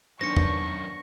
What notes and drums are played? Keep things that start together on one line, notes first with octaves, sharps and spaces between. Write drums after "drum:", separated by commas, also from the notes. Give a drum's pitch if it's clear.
F#2 D#3 B3 D4 C5 C#6 A#6 C#7
drum: tom E2